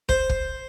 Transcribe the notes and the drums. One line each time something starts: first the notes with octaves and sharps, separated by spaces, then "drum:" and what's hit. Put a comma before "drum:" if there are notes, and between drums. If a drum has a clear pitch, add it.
C5, drum: kick
drum: kick